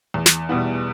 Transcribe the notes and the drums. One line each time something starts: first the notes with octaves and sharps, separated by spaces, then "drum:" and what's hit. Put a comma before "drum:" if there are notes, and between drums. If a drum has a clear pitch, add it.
E2
drum: snare
B2 G3 B3 E4